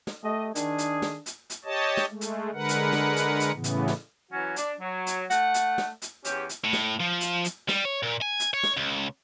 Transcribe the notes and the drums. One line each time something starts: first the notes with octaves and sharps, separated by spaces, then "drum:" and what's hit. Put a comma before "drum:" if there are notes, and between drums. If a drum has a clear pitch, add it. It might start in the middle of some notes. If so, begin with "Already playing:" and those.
drum: snare
A3 G4 D#5
D#3 D4 G#4, drum: hi-hat
drum: hi-hat
drum: snare
drum: hi-hat
drum: hi-hat
G4 C#5 D#5 A5
drum: snare
G#3 A3
drum: hi-hat
D3 G#3 A#4 B4 F#5
drum: hi-hat
drum: snare
drum: hi-hat
drum: hi-hat
A2 C#3 E3 B3
drum: hi-hat
drum: snare
E3 F#3 C#4 F#4
D4, drum: hi-hat
F#3
drum: hi-hat
A3 F#5, drum: hi-hat
drum: hi-hat
drum: snare
drum: hi-hat
E2 C#4 G4, drum: hi-hat
drum: hi-hat
A2
drum: snare
F3
drum: hi-hat
drum: hi-hat
G3, drum: snare
C#5
A#2
G#5
drum: hi-hat
C#5
drum: snare
C#2